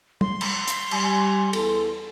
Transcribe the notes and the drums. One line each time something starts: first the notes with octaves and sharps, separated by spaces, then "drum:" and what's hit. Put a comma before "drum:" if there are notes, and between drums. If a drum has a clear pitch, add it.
C6, drum: tom
drum: cymbal
drum: hi-hat
G3 G#5, drum: cymbal
E2 A4, drum: cymbal